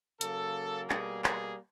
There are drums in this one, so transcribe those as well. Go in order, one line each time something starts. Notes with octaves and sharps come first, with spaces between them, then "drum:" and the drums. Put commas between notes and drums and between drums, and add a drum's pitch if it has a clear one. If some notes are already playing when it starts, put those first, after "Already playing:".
C#3 F#3 A#3 A4, drum: hi-hat
B2 G3 A#3 G#4, drum: clap
G#4, drum: clap